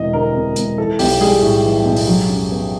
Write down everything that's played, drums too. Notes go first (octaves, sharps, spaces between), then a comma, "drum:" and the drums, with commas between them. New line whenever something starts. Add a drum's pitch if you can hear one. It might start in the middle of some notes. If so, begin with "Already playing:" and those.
Already playing: E1 C3 E3 D#5
D2 A#4
C3
E1, drum: hi-hat
E3 A4
B1 G4, drum: open hi-hat
G3 G#4
A2
E3
B1
drum: open hi-hat
F#3
F#2
B3